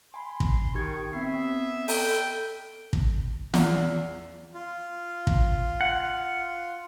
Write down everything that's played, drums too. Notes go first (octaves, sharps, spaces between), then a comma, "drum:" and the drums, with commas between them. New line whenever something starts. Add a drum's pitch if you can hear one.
G#5 B5 C6
drum: kick
D#3 D#4 G4 C#6 G#6
B3 C4 E5 C7
A4 G5, drum: open hi-hat
drum: kick
E2, drum: snare
F4
drum: kick
F#5